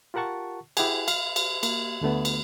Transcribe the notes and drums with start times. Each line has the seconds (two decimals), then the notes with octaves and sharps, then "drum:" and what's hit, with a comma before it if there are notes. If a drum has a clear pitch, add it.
0.14 F4 G4 A#4 F#5 A5 C#6
0.77 E4 G4 G#4 F#5 G#5, drum: cymbal
1.08 F5, drum: cymbal
1.36 drum: cymbal
1.63 A#3, drum: cymbal
2.01 D2 D3 A3 B3
2.25 drum: cymbal